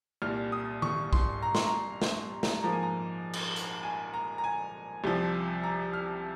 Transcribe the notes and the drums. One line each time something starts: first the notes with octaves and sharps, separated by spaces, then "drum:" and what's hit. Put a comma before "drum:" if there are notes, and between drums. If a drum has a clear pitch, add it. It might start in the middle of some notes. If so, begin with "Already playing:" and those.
C2 A#2 G3 F6
D#6
C#6, drum: tom D#3
C6, drum: kick
A#5
C6, drum: snare
A#5
drum: snare
drum: snare
G#2 F3 A#3 A#5
G#5
A#5
drum: cymbal
drum: hi-hat
G#5
A#5
A#5
G#5
C2 C3 F3
A#5
F6